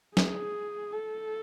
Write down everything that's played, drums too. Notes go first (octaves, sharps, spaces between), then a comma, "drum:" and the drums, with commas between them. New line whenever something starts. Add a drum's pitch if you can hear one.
G#4, drum: snare
A4